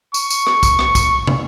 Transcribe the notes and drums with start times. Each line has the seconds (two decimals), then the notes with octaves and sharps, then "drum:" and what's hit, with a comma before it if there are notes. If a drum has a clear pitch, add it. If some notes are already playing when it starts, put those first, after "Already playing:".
0.14 C#6, drum: tambourine
0.30 drum: tambourine
0.47 drum: rim click
0.63 drum: kick, tambourine
0.79 drum: rim click
0.95 drum: kick, tambourine
1.27 drum: tom